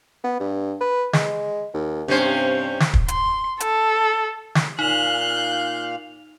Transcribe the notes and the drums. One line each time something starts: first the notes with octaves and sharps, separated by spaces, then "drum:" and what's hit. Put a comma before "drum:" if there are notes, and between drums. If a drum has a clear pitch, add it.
B3
G2
B4
G#3, drum: snare
D#2
G2 C3 C#4 C5
drum: snare
drum: kick
C6, drum: hi-hat
A4, drum: hi-hat
drum: snare
A#2 D#4 F5 F#6 G6 F7